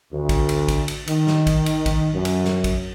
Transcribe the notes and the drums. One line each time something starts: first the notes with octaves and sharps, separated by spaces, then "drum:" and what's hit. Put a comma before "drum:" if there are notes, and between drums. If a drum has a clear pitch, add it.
D2
drum: kick A1, cymbal
drum: cymbal
drum: kick A1, cymbal
drum: cymbal
D#3, drum: cymbal
drum: snare
drum: kick A1, cymbal
drum: cymbal
drum: kick A1, cymbal
F#2
drum: cymbal
drum: snare
drum: kick A1, cymbal